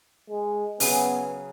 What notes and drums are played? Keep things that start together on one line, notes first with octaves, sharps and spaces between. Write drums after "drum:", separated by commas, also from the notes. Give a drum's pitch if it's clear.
G#3
C#3 F#3 B3 C#4 G#4, drum: open hi-hat